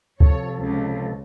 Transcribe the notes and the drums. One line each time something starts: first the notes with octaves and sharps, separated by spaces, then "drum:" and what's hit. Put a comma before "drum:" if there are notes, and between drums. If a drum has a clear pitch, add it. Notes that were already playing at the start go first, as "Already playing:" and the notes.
C3 F3 A4 C#5, drum: kick
C#2